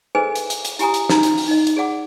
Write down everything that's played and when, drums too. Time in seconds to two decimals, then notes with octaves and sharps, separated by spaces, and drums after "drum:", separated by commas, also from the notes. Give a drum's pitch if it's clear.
0.15 G#4 A4 B4 C5 D#5 G#5
0.35 drum: hi-hat
0.50 drum: hi-hat
0.65 drum: hi-hat
0.79 E4 G4 G#5 A#5 D#6, drum: hi-hat
0.94 drum: hi-hat
1.09 D#4 A#5, drum: snare
1.23 drum: hi-hat
1.38 drum: open hi-hat
1.48 D#4 D#5
1.67 drum: hi-hat
1.77 G#4 D5 F#5 D6